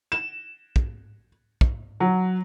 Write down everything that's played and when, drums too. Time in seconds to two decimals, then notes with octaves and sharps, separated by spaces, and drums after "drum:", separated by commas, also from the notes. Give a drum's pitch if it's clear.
0.12 E7
0.76 drum: kick
1.61 drum: kick
2.00 F#3